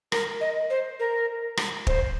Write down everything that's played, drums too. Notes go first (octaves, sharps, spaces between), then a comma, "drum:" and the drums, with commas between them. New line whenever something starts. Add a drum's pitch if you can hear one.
A#4, drum: rim click
D#5
C5
A#4
drum: rim click
C5, drum: kick